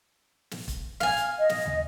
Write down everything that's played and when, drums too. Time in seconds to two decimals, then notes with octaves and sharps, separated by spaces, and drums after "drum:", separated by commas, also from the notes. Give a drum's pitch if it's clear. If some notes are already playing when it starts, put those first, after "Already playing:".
0.51 drum: snare
0.68 drum: kick, hi-hat
1.00 F5 G#5, drum: snare
1.17 drum: hi-hat
1.39 D#5
1.49 drum: snare
1.66 drum: tom